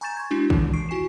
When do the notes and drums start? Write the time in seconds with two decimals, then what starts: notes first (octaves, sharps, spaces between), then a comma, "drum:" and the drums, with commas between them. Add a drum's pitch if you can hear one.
0.01 G#5 A#5 C#6 G6 A6 E7
0.17 C6 G#6
0.31 G#3 D4 E4 F#4
0.50 D#3 E3, drum: kick
0.74 C#6 C7 D7
0.89 E4 F#4 G#5 C7 E7